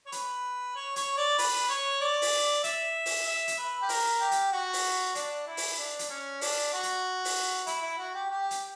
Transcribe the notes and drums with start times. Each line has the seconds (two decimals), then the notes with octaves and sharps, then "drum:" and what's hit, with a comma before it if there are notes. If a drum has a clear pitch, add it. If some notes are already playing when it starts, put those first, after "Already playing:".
0.06 C#5
0.12 B4, drum: hi-hat
0.76 C#5
0.96 C#5, drum: hi-hat
1.17 D5
1.38 B4, drum: open hi-hat
1.69 C#5
2.01 D5
2.22 drum: open hi-hat
2.64 E5, drum: hi-hat
3.06 drum: open hi-hat
3.27 E5
3.47 drum: hi-hat
3.58 B4
3.82 G4
3.89 A#4, drum: open hi-hat
4.21 G4
4.31 drum: hi-hat
4.52 F#4
4.73 drum: open hi-hat
5.15 D4, drum: hi-hat
5.47 E4
5.57 drum: open hi-hat
5.78 D4
5.99 drum: hi-hat
6.10 C#4
6.41 D4, drum: open hi-hat
6.73 F#4
6.83 drum: hi-hat
7.25 drum: open hi-hat
7.67 E4, drum: hi-hat
7.82 E4
7.98 F#4
8.14 G4
8.30 G4
8.51 drum: hi-hat